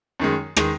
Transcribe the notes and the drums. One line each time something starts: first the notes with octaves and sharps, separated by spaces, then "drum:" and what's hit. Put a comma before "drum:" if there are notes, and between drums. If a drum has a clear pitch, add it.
F#2 D#3 G#3
D#3 G#3, drum: rim click